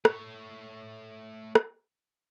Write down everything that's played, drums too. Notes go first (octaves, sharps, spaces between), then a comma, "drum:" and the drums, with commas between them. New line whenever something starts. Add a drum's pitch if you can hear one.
A3 C#5, drum: rim click
drum: rim click